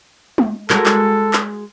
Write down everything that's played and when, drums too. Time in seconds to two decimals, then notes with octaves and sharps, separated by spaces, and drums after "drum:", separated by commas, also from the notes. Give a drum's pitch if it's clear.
0.38 drum: tom G#3
0.70 G#3 F#4 A4 A#4, drum: clap
0.86 drum: clap
1.33 drum: clap